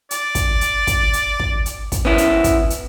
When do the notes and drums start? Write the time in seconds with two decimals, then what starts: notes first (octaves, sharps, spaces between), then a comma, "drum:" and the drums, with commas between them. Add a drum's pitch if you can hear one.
0.11 D5, drum: hi-hat
0.35 drum: kick, hi-hat
0.61 drum: hi-hat
0.87 drum: kick, hi-hat
1.13 drum: hi-hat
1.40 drum: kick
1.66 drum: hi-hat
1.92 drum: kick, hi-hat
2.05 B3 C#4 E4
2.18 drum: hi-hat
2.44 drum: kick, hi-hat
2.70 drum: hi-hat